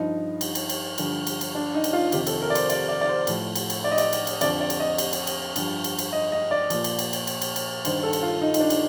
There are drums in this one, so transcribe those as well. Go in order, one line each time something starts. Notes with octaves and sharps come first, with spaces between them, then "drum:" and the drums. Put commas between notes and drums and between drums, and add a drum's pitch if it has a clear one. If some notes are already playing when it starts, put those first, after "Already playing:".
Already playing: G2 F3 D#4
drum: cymbal
drum: cymbal
drum: cymbal
G2 D3 F3, drum: cymbal
drum: cymbal
drum: cymbal
D4
D#4
drum: cymbal
F4
F2 C3 D#3 G4, drum: cymbal
A4, drum: cymbal
A#4
D5
C5, drum: cymbal
D5, drum: cymbal
D5
D5
C5
A2 F3, drum: cymbal
drum: cymbal
drum: cymbal
D5
D#5
D5, drum: cymbal
drum: cymbal
drum: cymbal
F2 D3 F3 D5, drum: cymbal
D5
drum: cymbal
D#5
drum: cymbal
drum: cymbal
drum: cymbal
G2 F3, drum: cymbal
drum: cymbal
drum: cymbal
D#5
D#5
D5
A#2 F3, drum: cymbal
drum: cymbal
drum: cymbal
drum: cymbal
drum: cymbal
drum: cymbal
drum: cymbal
G2 D#3 C5, drum: cymbal
A4
drum: cymbal
F4
D#4
D#4, drum: cymbal
D4
drum: cymbal